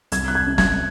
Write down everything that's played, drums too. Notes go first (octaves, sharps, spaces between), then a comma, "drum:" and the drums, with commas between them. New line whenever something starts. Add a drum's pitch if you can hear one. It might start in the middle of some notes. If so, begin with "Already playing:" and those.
C2 G#6, drum: hi-hat
F#6
G#6
C#4
G#6, drum: snare